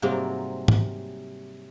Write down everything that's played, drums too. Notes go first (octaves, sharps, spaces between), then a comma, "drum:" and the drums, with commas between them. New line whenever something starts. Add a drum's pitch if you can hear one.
G#2 C3 F#3 G3 A#3 C4
drum: tom G#2